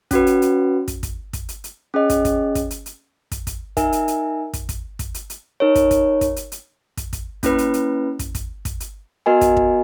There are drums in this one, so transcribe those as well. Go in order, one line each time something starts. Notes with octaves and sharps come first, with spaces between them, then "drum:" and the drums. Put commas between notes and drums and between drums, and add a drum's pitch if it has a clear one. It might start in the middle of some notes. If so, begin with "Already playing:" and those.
C#4 F#4 B4, drum: kick, hi-hat
drum: hi-hat
drum: hi-hat
drum: kick, hi-hat
drum: kick, hi-hat
drum: kick, hi-hat
drum: hi-hat
drum: hi-hat
C#4 G#4 D#5
drum: kick, hi-hat
drum: kick, hi-hat
drum: kick, hi-hat
drum: hi-hat
drum: hi-hat
drum: kick, hi-hat
drum: kick, hi-hat
D#4 A#4 E5 G#5, drum: kick, hi-hat
drum: hi-hat
drum: hi-hat
drum: kick, hi-hat
drum: kick, hi-hat
drum: kick, hi-hat
drum: hi-hat
drum: hi-hat
D#4 A#4 C#5
drum: kick, hi-hat
drum: kick, hi-hat
drum: kick, hi-hat
drum: hi-hat
drum: hi-hat
drum: kick, hi-hat
drum: kick, hi-hat
A#3 C#4 E4 B4, drum: kick, hi-hat
drum: hi-hat
drum: hi-hat
drum: kick, hi-hat
drum: kick, hi-hat
drum: kick, hi-hat
drum: hi-hat
B3 F#4 A#4 D#5 G#5
drum: kick, hi-hat
drum: kick